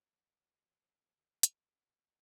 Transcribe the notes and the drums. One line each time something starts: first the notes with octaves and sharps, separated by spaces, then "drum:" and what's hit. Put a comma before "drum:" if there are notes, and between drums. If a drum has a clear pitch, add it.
F#3
F#3
G#3
F#3
G#3
F3
F#3
F3
F#3
F3
D#3
C#3
F3, drum: hi-hat
F#2